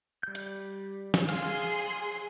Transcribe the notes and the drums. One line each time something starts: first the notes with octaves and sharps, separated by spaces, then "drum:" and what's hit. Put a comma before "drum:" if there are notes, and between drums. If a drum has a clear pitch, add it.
G3 G6
drum: hi-hat
drum: snare
G#4 F5 C6, drum: cymbal